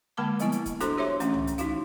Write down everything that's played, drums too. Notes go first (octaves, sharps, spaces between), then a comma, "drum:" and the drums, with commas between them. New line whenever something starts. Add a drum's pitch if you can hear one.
D3 G#3 A#3 A5 D6
F3 G3 B3 E4, drum: hi-hat
drum: hi-hat
drum: kick, hi-hat
D4 F#4 A4 C5 A#5 C6, drum: hi-hat
G4 C#5 E5 C6 D6
E3 A3 C#4 G5, drum: hi-hat
drum: tom
drum: hi-hat
D#4 E4 F#4 F5, drum: hi-hat